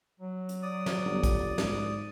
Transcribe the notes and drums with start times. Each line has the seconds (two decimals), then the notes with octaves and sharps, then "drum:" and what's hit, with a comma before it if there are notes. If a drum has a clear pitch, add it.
0.20 F#3
0.49 drum: hi-hat
0.63 D5 D#6
0.86 drum: snare
1.05 G1
1.24 drum: kick, hi-hat
1.58 G#2, drum: snare